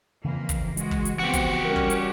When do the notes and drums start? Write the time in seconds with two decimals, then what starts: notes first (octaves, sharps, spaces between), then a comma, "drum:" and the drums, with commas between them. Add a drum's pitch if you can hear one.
0.25 F2 C#3 E3 A#3
0.49 drum: kick, hi-hat
0.77 G#3 F#4, drum: hi-hat
0.91 drum: kick
1.05 drum: hi-hat
1.19 F3 B3 C4 F#4 G4
1.33 drum: kick, hi-hat
1.65 G3 C#4 A#4
1.76 drum: kick
1.90 drum: hi-hat